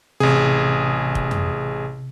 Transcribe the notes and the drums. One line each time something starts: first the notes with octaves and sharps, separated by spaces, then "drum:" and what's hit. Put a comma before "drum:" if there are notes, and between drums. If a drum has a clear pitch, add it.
A1 C3 G#4
drum: kick
drum: tom F2